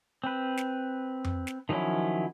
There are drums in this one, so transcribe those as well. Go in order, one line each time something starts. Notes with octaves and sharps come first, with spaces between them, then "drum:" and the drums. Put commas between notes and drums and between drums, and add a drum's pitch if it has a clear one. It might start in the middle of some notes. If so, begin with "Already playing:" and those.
C4 B4
drum: snare
drum: tom F2
drum: snare
D#3 F3 F#3 C#4 E4